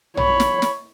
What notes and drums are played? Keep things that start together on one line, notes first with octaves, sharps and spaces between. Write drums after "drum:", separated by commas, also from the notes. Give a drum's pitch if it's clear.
C#5 B5, drum: tom
drum: snare
drum: snare